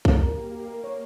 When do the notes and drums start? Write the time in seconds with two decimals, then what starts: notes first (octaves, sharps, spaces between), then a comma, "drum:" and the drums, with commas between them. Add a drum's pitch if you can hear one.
0.05 drum: kick
0.20 A#3 A#4
0.37 G4
0.52 G4
0.68 A#3 A#4
0.84 C#5